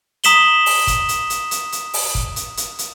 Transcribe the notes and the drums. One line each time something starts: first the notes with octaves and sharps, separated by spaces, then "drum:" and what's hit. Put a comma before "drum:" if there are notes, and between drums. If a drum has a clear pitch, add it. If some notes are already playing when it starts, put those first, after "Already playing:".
A#5 D#6 B6 E7 F#7 G7, drum: hi-hat
drum: open hi-hat
drum: kick, hi-hat
drum: hi-hat
drum: hi-hat
drum: hi-hat
drum: hi-hat
drum: open hi-hat
drum: kick
drum: hi-hat
drum: hi-hat
drum: hi-hat